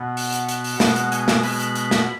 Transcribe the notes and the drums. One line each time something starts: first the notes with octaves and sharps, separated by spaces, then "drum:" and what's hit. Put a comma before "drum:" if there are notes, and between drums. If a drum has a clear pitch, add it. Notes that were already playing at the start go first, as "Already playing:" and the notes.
Already playing: B2 B3
F#5, drum: open hi-hat
drum: hi-hat
F#5, drum: hi-hat
drum: open hi-hat
B2 G#3 B3 F#5, drum: snare
drum: hi-hat
G#5, drum: hi-hat
drum: snare
B5, drum: open hi-hat
drum: hi-hat
drum: hi-hat
drum: snare